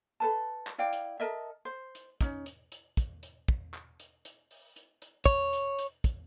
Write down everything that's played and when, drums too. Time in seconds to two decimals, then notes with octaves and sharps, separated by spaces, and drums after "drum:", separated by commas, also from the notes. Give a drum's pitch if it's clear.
0.20 A4 B4 A5
0.67 drum: clap
0.78 E4 D5 F5 G5
0.93 drum: hi-hat
1.20 A4 A#4 D#5 E5
1.65 C5
1.95 drum: hi-hat
2.21 C#4 D#4, drum: kick, hi-hat
2.46 drum: hi-hat
2.72 drum: hi-hat
2.97 drum: kick, hi-hat
3.23 drum: hi-hat
3.48 drum: kick
3.74 drum: clap
4.00 drum: hi-hat
4.25 drum: hi-hat
4.51 drum: open hi-hat
4.76 drum: hi-hat
5.02 drum: hi-hat
5.26 C#5, drum: kick, hi-hat
5.53 drum: hi-hat
5.79 drum: hi-hat
6.04 drum: kick, hi-hat